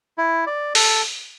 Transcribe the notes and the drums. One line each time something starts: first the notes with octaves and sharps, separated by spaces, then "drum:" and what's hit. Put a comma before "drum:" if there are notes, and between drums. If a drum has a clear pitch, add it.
E4
D5
A4, drum: open hi-hat